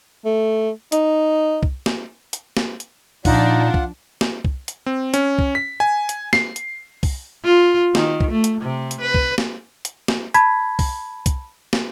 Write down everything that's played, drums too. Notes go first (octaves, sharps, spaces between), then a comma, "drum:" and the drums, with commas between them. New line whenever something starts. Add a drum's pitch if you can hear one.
A3
D#4, drum: hi-hat
drum: kick C2
drum: snare
drum: hi-hat
drum: snare
drum: hi-hat
A#2 F3 D4 D#4 F4 F#5, drum: kick C2, open hi-hat
drum: kick C2
drum: snare
drum: kick C2
drum: hi-hat
C4
C#4, drum: hi-hat
drum: kick C2
B6
G#5
drum: hi-hat
C7, drum: snare
drum: hi-hat
drum: kick C2, open hi-hat
F4
D#3, drum: snare
drum: kick C2
A3
drum: hi-hat
C3
drum: hi-hat
B4
drum: kick C2
drum: snare
drum: hi-hat
drum: snare
A5 B5 G#6 B6, drum: hi-hat
drum: kick C2, open hi-hat
drum: kick C2, hi-hat
drum: snare